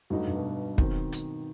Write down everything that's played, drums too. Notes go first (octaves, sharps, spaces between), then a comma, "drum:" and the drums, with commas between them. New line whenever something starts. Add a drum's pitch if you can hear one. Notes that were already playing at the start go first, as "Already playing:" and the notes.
G2 F#3 A3 D#4 F#4
G2
B2
B2 D#3 F#3 C4, drum: kick
drum: hi-hat